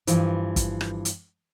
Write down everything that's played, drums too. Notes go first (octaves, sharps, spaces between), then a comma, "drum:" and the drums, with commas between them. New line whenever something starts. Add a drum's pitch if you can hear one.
G2 E3 F3, drum: hi-hat
drum: kick, hi-hat
drum: rim click
drum: hi-hat